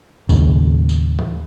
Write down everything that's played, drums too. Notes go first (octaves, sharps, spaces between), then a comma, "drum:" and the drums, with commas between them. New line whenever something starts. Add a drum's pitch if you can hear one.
D#2 A2 C#3, drum: kick A#1, tambourine
drum: tambourine
drum: tom E3